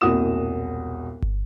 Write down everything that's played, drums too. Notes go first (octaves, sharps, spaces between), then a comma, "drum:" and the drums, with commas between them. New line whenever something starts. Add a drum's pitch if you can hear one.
E1 C2 A#2 F#4 D#6 E7
drum: kick G1